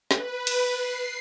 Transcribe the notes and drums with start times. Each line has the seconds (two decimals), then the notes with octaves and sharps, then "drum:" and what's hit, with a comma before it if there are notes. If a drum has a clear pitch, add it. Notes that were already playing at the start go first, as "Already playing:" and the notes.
0.11 B4, drum: snare
0.47 drum: cymbal
0.77 C7